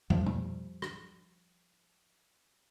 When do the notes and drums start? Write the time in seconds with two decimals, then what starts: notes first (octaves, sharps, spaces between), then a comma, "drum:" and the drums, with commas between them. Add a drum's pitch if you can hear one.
0.10 F3 G3, drum: tom
0.26 drum: tom B2
0.82 drum: rim click